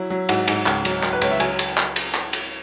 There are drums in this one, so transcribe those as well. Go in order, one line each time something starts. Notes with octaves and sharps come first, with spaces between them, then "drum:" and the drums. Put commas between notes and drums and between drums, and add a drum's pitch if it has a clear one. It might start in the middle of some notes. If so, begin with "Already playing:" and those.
Already playing: F#3 E4
F#3
G#2 F#4, drum: cymbal
G#2, drum: cymbal
C#2, drum: clap
F#3, drum: cymbal
F#3, drum: clap
B4
C#2 C#5, drum: cymbal
E5
F#3 G#5, drum: cymbal
drum: cymbal
drum: clap
drum: cymbal
drum: clap
drum: cymbal